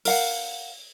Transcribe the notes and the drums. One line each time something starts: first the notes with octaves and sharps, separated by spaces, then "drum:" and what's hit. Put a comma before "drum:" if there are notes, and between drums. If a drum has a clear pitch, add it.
A#4 F5 F#5, drum: open hi-hat